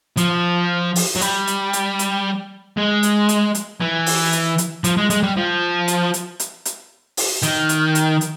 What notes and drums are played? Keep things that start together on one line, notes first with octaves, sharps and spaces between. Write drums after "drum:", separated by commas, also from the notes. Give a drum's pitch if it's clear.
F3, drum: hi-hat
drum: open hi-hat
F#3
G3, drum: hi-hat
drum: hi-hat
drum: hi-hat
drum: hi-hat
G#3
drum: hi-hat
drum: hi-hat
drum: hi-hat
E3
drum: open hi-hat
drum: hi-hat
drum: hi-hat
F3, drum: hi-hat
G#3
G#3, drum: hi-hat
G3
F3
drum: hi-hat
drum: hi-hat
drum: hi-hat
drum: hi-hat
drum: open hi-hat
D#3, drum: hi-hat
drum: hi-hat
drum: hi-hat
drum: hi-hat